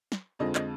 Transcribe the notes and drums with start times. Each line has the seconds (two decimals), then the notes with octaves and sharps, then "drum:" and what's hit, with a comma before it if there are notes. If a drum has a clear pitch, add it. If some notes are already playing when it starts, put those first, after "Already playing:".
0.12 drum: snare
0.39 F2 D3 F3 G#3 D#5
0.55 D#5, drum: clap